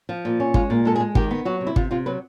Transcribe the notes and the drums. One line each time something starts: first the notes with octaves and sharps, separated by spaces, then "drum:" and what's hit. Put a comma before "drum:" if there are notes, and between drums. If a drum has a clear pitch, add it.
F3
A#2
C#4
G#3 F4, drum: kick
A#2
G#3 A4
G#4
G#3
D#3 G4, drum: kick
B3
F#3 F#4
C3
E4
C3 F4, drum: kick
C3 F4
F#3 B4